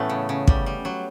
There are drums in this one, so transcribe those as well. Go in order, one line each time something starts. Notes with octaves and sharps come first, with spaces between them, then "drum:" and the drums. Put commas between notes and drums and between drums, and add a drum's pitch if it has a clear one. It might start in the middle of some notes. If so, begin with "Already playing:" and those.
Already playing: A2 E3 A3 B3 C#4
C#3
C#3
G3, drum: kick
G3
F#3